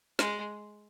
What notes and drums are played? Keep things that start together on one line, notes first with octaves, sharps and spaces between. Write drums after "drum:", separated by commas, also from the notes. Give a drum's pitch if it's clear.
G#3, drum: snare